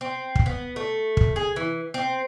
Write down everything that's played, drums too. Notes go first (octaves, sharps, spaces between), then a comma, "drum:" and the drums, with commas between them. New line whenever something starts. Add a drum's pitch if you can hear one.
C4
drum: kick
B3
A3
drum: kick
G#4
E3
C4